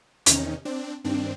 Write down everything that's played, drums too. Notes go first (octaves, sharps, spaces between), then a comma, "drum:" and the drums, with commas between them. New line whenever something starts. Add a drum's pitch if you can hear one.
E2 C3 D#3 C#4 D#4, drum: hi-hat
C4 D4
G2 D#3 C4 D4